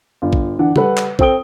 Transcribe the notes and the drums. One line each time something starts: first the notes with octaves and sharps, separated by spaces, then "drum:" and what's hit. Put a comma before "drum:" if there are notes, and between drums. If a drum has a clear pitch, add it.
G1 F4
drum: kick A#1
D3 E3 D4 F#5
G3 A4 B4 F#5, drum: tom C#3
drum: clap
C4 A4 G5 D#6 D7 G7, drum: kick A#1